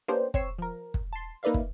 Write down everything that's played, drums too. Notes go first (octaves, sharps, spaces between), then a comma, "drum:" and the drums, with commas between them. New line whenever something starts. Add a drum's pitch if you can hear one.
A#3 B3 C#4 D4 G4 C5
C4 C#5 E6 C7, drum: kick
F3 A#4
drum: kick
A5 C6
A#3 D#4 B4 D5 E5 F5
drum: kick